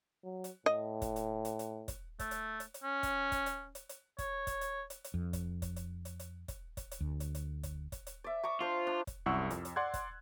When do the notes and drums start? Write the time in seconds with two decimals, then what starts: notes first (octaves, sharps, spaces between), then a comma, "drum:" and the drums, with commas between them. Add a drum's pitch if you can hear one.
0.24 F#3
0.44 drum: hi-hat
0.66 A2 D#5
1.02 drum: kick, hi-hat
1.16 drum: hi-hat
1.45 drum: hi-hat
1.59 drum: hi-hat
1.88 drum: kick, hi-hat
2.19 A3, drum: kick, hi-hat
2.31 drum: hi-hat
2.60 drum: hi-hat
2.74 drum: hi-hat
2.83 C#4
3.03 drum: kick, hi-hat
3.32 drum: kick, hi-hat
3.46 drum: hi-hat
3.75 drum: hi-hat
3.89 drum: hi-hat
4.18 C#5, drum: kick, hi-hat
4.47 drum: kick, hi-hat
4.61 drum: hi-hat
4.90 drum: hi-hat
5.04 drum: hi-hat
5.14 F2
5.33 drum: kick, hi-hat
5.62 drum: kick, hi-hat
5.76 drum: hi-hat
6.05 drum: hi-hat
6.20 drum: hi-hat
6.48 drum: kick, hi-hat
6.77 drum: kick, hi-hat
6.91 drum: hi-hat
7.01 D2
7.20 drum: hi-hat
7.35 drum: hi-hat
7.63 drum: kick, hi-hat
7.92 drum: kick, hi-hat
8.07 drum: hi-hat
8.24 D5 E5
8.43 A#5 C#6 D6
8.61 D4 F4 C5
8.87 D4
9.07 drum: kick, hi-hat
9.26 C2 F#2 E4 F#5 C#6 E6
9.50 F2, drum: hi-hat
9.65 drum: hi-hat
9.76 D5 F#5 C6 F#6 G#6
9.94 drum: kick, hi-hat